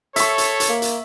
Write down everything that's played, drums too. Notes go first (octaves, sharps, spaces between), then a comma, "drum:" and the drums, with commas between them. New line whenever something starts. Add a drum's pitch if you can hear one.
A4 C#5 E5 C#6, drum: hi-hat
drum: hi-hat
drum: hi-hat
A#3
drum: hi-hat